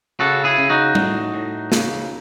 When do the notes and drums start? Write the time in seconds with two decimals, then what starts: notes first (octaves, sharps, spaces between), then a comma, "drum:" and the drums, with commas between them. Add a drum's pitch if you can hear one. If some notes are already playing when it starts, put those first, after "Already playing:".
0.19 C#3 F#4 A4
0.44 E4 G#4
0.58 C#3
0.70 D#4 F#4
0.95 A2, drum: tom G3
1.34 A2
1.72 C#3, drum: snare